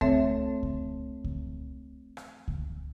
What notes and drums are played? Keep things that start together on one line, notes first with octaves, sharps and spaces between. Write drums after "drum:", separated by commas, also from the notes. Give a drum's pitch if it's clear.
A3 C4 A4 C#5 E5, drum: kick C#2
drum: kick C#2
drum: kick C#2
drum: rim click
drum: kick C#2